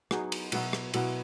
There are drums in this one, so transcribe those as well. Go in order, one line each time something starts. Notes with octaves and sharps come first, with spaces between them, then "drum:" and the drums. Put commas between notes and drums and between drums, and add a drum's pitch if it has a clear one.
F#3 B3 D#4 G#4, drum: rim click
drum: cymbal
B2 F#3 B3 E4, drum: cymbal
drum: rim click
B2 F#3 B3 E4, drum: cymbal